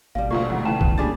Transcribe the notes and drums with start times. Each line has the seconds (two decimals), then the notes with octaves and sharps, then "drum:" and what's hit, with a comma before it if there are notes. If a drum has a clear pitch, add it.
0.15 G#1 B2 G3 F5
0.31 D2 A#2 A3 A#3 C#6
0.50 F2 G#2 D5 F#5
0.65 C#3 E3 G5 A5 E7
0.81 E2, drum: kick A#1
0.98 A#2 G3 C#4 D4 G#4 D6 A6